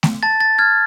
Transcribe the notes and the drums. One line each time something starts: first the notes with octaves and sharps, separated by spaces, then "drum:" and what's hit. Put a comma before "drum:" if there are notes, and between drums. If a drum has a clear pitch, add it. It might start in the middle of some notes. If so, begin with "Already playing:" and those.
drum: snare A3
A5 A6
A6
F6 G#6